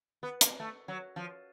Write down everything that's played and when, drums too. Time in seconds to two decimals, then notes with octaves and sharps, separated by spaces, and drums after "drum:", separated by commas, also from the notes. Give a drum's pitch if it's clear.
0.23 B3
0.41 A#3, drum: hi-hat
0.60 A3
0.88 F#3
1.16 F3